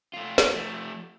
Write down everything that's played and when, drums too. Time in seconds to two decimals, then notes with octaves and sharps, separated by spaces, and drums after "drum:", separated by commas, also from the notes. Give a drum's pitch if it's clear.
0.14 A3 F4
0.38 drum: snare
0.51 F3 A3